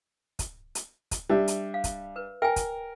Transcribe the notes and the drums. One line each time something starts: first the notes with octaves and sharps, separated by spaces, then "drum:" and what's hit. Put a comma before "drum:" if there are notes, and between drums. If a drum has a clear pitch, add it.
drum: kick, hi-hat
drum: hi-hat
drum: kick, hi-hat
G3 D4 E5
drum: hi-hat
F5
drum: kick, hi-hat
A#4 B4
A#4 G5 G#5
drum: kick, hi-hat